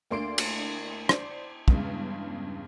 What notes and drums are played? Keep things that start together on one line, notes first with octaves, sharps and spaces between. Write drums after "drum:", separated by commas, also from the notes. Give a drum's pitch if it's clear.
D2 A#3 D4 C6 C7 D7
drum: cymbal
C5 D5, drum: rim click
E2 G2 C#3 G#3, drum: kick